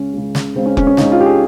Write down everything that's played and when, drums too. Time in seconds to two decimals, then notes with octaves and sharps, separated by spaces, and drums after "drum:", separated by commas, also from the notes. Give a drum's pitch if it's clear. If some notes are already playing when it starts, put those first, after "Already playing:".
Already playing: C#2 C#3 C#4
0.13 C#2 C#3
0.35 drum: snare
0.56 C#2 C#3 C4
0.66 C#4
0.77 C#4, drum: kick F1
0.87 C#4
0.97 C#2 C#3 D#4, drum: snare
1.12 F4
1.20 G4
1.26 G#4